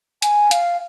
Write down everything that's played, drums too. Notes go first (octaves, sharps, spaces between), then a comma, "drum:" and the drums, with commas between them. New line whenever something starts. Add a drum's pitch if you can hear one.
G#5, drum: hi-hat
F5, drum: hi-hat